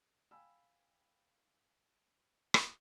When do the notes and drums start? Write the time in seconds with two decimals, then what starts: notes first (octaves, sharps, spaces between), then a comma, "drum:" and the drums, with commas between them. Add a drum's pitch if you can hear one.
0.31 F5 G5 G#5 B5 E6
2.54 drum: rim click